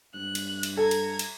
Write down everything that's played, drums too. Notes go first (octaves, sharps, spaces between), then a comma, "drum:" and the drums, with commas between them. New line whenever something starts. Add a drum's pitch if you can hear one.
G2 F#6
drum: cymbal
drum: cymbal
A4 A#5 G#6
drum: cymbal
drum: cymbal